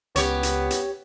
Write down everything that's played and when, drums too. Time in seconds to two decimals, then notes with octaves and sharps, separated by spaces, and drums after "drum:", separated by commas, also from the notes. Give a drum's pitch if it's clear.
0.16 C#2 B3 G4 C#5, drum: hi-hat
0.43 drum: hi-hat
0.70 drum: hi-hat